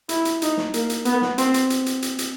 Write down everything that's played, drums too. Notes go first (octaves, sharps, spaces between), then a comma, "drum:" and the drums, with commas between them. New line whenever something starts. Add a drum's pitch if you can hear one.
E4, drum: hi-hat
drum: hi-hat
D#4, drum: hi-hat
drum: snare
A#3, drum: hi-hat
drum: hi-hat
B3, drum: hi-hat
drum: snare
C4, drum: hi-hat
drum: hi-hat
drum: hi-hat
drum: hi-hat
drum: hi-hat
drum: hi-hat